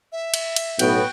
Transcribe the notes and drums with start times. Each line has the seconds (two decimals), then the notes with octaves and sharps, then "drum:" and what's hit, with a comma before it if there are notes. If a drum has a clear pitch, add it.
0.12 E5
0.34 drum: cymbal
0.56 drum: cymbal
0.79 B1 A2 B3 F#4 G5, drum: cymbal